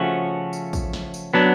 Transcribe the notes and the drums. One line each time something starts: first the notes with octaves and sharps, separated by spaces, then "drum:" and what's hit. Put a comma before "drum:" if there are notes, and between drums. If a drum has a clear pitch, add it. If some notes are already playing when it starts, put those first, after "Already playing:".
Already playing: C#3 F3 A3 C#4 F#4
drum: tambourine
drum: kick, tambourine
drum: snare
drum: tambourine
F#3 B3 D4